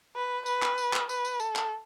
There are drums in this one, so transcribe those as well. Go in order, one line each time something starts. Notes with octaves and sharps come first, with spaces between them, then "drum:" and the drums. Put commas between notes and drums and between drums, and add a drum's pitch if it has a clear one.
B4
B4, drum: tambourine
drum: clap
drum: tambourine
drum: clap
B4, drum: tambourine
drum: tambourine
A4, drum: tambourine
drum: clap